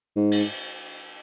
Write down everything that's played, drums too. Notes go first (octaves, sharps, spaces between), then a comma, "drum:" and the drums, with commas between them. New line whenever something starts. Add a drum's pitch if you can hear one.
G#2
drum: cymbal